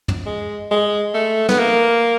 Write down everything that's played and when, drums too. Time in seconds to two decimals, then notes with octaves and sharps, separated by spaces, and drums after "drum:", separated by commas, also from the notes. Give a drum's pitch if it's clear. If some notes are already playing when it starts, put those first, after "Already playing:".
0.08 drum: tom
0.26 G#3
0.71 G#3
1.14 A3
1.48 B3, drum: snare
1.59 A#3